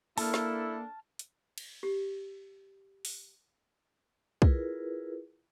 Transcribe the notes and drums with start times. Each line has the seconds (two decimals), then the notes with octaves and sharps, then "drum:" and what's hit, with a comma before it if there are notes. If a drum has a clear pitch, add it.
0.18 A#3 D4 E4 A4 A5 F6, drum: open hi-hat
0.34 drum: snare
1.19 drum: hi-hat
1.58 drum: cymbal
1.83 G4
3.05 drum: open hi-hat
4.42 E4 F4 G#4 A#4 B4, drum: kick